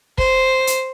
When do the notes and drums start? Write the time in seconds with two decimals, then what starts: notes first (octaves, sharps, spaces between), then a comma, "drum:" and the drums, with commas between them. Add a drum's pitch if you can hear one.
0.18 C5, drum: kick
0.67 drum: hi-hat